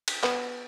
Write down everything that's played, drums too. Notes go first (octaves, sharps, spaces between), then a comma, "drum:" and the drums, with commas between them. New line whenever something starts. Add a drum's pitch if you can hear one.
drum: cymbal
B3, drum: clap